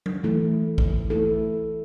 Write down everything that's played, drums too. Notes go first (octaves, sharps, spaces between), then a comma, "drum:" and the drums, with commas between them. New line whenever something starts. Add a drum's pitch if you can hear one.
drum: tom F#3
E3 A3 E4 A4
drum: kick A1
A3 E4 A4